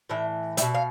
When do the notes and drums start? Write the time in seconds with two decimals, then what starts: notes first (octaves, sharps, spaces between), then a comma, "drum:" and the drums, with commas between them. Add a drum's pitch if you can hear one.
0.10 A2 E3 E5
0.57 G3 E5, drum: hi-hat
0.62 B2
0.75 F5